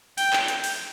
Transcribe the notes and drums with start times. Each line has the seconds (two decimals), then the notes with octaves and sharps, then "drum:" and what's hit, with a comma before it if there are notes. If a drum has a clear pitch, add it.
0.18 G5, drum: open hi-hat
0.33 drum: clap
0.48 drum: hi-hat
0.64 drum: open hi-hat